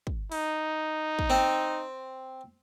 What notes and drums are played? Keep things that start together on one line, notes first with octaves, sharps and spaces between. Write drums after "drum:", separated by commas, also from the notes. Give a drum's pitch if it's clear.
drum: kick
D#4, drum: open hi-hat
drum: kick
C4